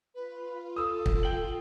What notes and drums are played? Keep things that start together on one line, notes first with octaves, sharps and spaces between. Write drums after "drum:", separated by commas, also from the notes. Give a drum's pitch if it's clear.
F4 B4
A4 D#6 E6
drum: kick
G5 F#7